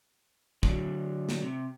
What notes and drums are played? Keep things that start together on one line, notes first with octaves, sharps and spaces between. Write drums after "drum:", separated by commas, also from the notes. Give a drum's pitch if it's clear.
D3 F#3, drum: kick
drum: snare
C3